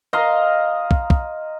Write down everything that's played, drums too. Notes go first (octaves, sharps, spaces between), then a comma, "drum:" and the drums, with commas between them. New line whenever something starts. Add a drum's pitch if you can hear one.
D#5 F5 A#5 C6
drum: kick
drum: kick